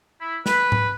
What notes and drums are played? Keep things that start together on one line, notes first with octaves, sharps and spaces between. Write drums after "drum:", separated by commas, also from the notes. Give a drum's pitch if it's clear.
E4
B4, drum: snare
drum: tom G#2